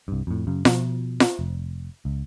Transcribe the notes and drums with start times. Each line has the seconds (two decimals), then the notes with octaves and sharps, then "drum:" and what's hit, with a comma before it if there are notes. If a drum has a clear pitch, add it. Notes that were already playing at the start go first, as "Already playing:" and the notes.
0.08 C2 G2
0.27 F2 A2
0.47 F#2 C#3
0.65 B2 F3, drum: snare F4
1.20 drum: snare F4
1.39 F1
2.05 C#2